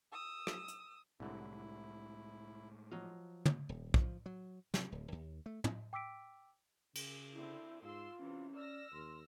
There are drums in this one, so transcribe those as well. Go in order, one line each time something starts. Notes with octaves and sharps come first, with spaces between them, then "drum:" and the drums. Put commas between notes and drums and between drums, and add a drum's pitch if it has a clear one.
D#6 E6
drum: rim click
drum: hi-hat
C2 A2 D3 F#3 G#3 E4
F3 F#3 D#5 F5
drum: tom
D#1
F3, drum: kick
F#3
C3, drum: snare
D1
D#2
A3
drum: tom
G5 D6 E6 B6 D7
C#3, drum: cymbal
D3 C4 E4
G#2 F4 C6 E6
C3 E3 C#4
D5 E6 F6 A#6
D#2 C6